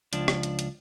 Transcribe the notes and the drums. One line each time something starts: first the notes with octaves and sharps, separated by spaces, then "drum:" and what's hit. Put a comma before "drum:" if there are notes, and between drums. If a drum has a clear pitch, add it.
C#2 F3 D4, drum: hi-hat
drum: rim click
drum: hi-hat
drum: hi-hat